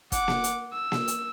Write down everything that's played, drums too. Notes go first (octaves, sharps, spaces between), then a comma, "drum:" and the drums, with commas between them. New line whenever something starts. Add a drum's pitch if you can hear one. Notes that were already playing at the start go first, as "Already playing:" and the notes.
F#5 D6, drum: kick, hi-hat
drum: snare A#3
drum: hi-hat
E6
drum: snare A#3
drum: hi-hat